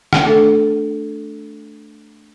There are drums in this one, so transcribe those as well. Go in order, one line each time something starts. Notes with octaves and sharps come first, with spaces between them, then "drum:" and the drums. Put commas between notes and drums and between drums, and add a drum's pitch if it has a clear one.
drum: rim click
A3 D4 A4